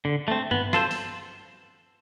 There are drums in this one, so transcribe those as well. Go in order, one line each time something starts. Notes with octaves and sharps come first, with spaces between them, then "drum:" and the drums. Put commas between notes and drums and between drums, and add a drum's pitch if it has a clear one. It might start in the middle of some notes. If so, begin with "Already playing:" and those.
D3
A3 C4
B3, drum: tom G2
F4 A4 C5, drum: snare
drum: open hi-hat